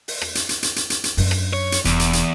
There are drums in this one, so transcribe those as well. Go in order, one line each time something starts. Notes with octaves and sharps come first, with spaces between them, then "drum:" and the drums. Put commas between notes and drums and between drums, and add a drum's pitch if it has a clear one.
drum: open hi-hat
drum: rim click
drum: hi-hat
drum: hi-hat
drum: hi-hat
drum: hi-hat
drum: hi-hat
drum: hi-hat
F#2 D4, drum: open hi-hat
drum: rim click
C#5
drum: hi-hat
E1 E2, drum: hi-hat
drum: hi-hat
drum: hi-hat